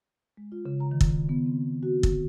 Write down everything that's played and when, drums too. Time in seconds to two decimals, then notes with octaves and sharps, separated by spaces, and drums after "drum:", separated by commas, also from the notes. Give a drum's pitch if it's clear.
0.37 G#3
0.52 F4
0.66 C#3
0.80 A#5
0.91 D#3
1.01 drum: kick
1.10 C#3
1.29 B3
1.46 C4
1.83 F#4
2.03 D3, drum: kick